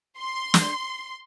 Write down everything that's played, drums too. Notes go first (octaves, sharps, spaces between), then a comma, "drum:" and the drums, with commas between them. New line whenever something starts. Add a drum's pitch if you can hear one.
C6
drum: snare